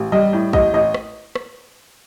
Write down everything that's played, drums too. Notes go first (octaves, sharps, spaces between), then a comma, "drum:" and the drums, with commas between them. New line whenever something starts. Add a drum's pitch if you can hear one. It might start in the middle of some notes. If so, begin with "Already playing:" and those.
Already playing: A1
G3 D#5
A2
A1 D#5, drum: kick A#1
A1 D#5
drum: rim click
drum: rim click